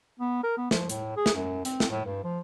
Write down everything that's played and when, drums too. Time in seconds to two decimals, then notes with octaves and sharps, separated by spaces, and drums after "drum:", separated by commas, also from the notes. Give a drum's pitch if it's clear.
0.20 B3
0.43 A#4
0.57 B3
0.71 F3, drum: snare
0.89 A2, drum: hi-hat
1.17 G#4
1.26 drum: snare
1.35 F#2
1.65 C4, drum: hi-hat
1.80 drum: snare
1.90 A2
2.05 G2
2.24 F3